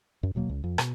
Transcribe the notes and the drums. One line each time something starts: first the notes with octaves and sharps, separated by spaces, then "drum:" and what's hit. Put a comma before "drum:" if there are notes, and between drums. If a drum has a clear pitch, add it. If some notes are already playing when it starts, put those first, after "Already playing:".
F#2
D#1 B2 F#3 A#3
C#2
F2
B2, drum: rim click